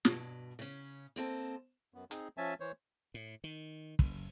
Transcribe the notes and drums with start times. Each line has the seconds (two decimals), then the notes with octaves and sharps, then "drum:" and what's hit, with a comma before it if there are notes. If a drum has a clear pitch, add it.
0.05 G2 B2, drum: snare
0.59 C#3 C#4
1.16 A#3 C4 A4 D#5
1.94 F#2 B3
2.11 C4 D#4 G#4, drum: hi-hat
2.37 F3 C#4 E5 G#5 A5
2.60 E3 C5 C#5
3.14 A2
3.44 D#3
3.99 F#1, drum: kick